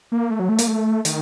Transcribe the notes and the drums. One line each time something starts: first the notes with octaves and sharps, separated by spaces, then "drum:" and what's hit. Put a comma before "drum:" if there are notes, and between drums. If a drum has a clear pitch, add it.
A#3
A3
F#3
A3
A#3, drum: hi-hat
A3
D#3, drum: hi-hat